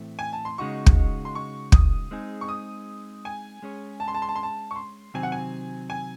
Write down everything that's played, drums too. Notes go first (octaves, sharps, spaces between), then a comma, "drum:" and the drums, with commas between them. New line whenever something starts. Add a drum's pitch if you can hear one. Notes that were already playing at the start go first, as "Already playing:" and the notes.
Already playing: A2 E3 A3 C4
G#5
A5
C6
C#3 G#3 D#4 F#4 C#6
drum: kick
C6
C#6
D#6, drum: kick
G#3 C4 D#4 G#4
C#6
D#6
G#5
G#3 C#4 G#4 C#5
A5
C6
A5
C6
A5
C6
A5
C#6
C6
C3 D#3 F#3 C4 G#5
F#5
G#5
G#5